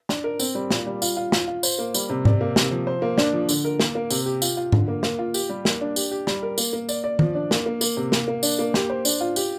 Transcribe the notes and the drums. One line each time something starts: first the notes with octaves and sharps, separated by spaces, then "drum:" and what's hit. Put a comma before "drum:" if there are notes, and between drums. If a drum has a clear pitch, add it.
D4, drum: snare
A#4
C4, drum: tambourine
G3
A#2, drum: snare
G3
F4, drum: tambourine
F4
F4, drum: snare
F4
C5, drum: tambourine
A#3
G3, drum: tambourine
C3
D5, drum: tom G#2
A#3
C3, drum: snare
F3
C5
A#3
D4, drum: snare
F3
D3, drum: tambourine
A#4
A#3, drum: snare
A#3
C3, drum: tambourine
G4
F4, drum: tambourine
F4
D3, drum: tom G#2
A#3
A#3, drum: snare
F4
G4, drum: tambourine
G3
A#3, drum: snare
D4
G4, drum: tambourine
G4
G3, drum: snare
A#4
A#3, drum: tambourine
A#3
D5, drum: tambourine
D5
F3, drum: tom D#3
D4
A#3, drum: snare
A#3
A#3, drum: tambourine
C3
A#3, drum: snare
A#3
D4, drum: tambourine
A#3
G4, drum: snare
C5
D4, drum: tambourine
F4
G4, drum: tambourine